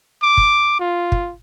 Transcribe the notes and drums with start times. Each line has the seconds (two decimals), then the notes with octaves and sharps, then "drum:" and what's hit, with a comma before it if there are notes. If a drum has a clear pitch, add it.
0.22 D6
0.37 drum: kick
0.80 F4
1.12 drum: kick